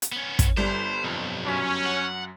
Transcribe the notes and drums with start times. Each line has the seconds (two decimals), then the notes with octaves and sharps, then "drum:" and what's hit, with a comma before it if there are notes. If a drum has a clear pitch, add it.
0.02 drum: hi-hat
0.12 B3 C#4
0.39 drum: kick, hi-hat
0.57 G1 G3 C5
1.04 B1 F2
1.46 F#2 F#3 C#4 B6
1.86 F#5